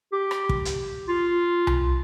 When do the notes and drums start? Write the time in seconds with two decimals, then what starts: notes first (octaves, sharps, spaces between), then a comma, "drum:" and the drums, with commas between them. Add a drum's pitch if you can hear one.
0.13 G4
0.31 drum: rim click
0.49 drum: kick
0.65 drum: hi-hat
1.08 F4
1.67 drum: tom C2